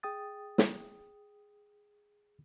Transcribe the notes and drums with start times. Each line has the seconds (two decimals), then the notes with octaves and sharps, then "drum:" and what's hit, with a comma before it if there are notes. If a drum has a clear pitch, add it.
0.03 G#4 G5 D#6 A6
0.58 drum: snare